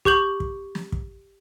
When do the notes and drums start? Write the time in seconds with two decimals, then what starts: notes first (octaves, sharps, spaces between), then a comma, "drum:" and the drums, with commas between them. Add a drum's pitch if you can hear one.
0.05 G4 C#6 G6 F#7, drum: kick
0.40 drum: kick
0.75 drum: snare
0.92 drum: kick